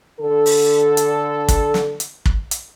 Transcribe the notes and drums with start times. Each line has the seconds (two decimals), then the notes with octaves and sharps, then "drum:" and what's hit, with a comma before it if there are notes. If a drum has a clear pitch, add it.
0.20 D3 A4
0.46 drum: open hi-hat
0.97 drum: hi-hat
1.48 drum: kick, hi-hat
1.74 drum: snare
2.00 drum: hi-hat
2.26 drum: kick
2.51 drum: hi-hat